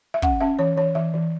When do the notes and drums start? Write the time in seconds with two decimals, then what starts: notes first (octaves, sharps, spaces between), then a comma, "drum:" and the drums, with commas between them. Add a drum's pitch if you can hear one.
0.14 E5
0.22 C#4 F#5, drum: kick
0.41 C#4 E5
0.59 E3 C#5
0.77 E3 C#5
0.95 E3 E5
1.14 E3